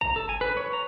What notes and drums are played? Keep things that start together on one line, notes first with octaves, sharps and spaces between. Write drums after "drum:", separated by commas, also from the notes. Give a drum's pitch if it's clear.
A#5, drum: kick
A4
G#5
B4
C#5
A#5